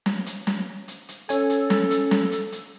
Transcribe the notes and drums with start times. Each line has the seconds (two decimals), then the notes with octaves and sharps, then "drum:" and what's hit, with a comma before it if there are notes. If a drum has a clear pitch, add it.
0.06 drum: snare
0.26 drum: hi-hat
0.47 drum: snare
0.88 drum: hi-hat
1.08 drum: hi-hat
1.29 C#4 A4 G#5, drum: hi-hat
1.50 drum: hi-hat
1.70 drum: snare
1.91 drum: hi-hat
2.11 drum: snare
2.32 drum: hi-hat
2.52 drum: hi-hat